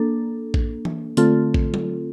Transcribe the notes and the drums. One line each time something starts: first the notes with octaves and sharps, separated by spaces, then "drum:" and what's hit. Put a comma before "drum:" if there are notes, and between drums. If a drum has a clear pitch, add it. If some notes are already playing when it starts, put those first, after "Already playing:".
Already playing: A#3 D4 A4
drum: kick A#1
drum: tom E3
D3 A3 C4 F4 A4, drum: hi-hat
drum: kick A#1
drum: tom F#3